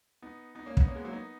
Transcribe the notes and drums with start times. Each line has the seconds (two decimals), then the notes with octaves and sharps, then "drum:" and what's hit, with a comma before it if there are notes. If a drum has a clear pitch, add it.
0.22 B3 D#4
0.55 B3 D#4
0.66 A#3 C#4
0.77 B3 D#4, drum: kick
0.88 A#3 C#4
0.96 G#3 B3
1.04 F#3 A#3
1.13 B3 D#4